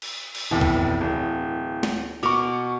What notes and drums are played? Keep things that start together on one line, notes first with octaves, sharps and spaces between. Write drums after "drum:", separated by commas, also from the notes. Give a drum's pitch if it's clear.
drum: cymbal
drum: cymbal
F1 D#2 B2 E3
drum: kick
D1
drum: snare
B2 A#4 G#5 C#6 D6